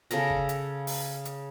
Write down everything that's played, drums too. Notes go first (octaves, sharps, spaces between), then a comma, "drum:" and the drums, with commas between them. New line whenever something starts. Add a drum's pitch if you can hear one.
C#3 A4 A#4 A#5, drum: hi-hat
drum: kick
drum: hi-hat
drum: open hi-hat
drum: hi-hat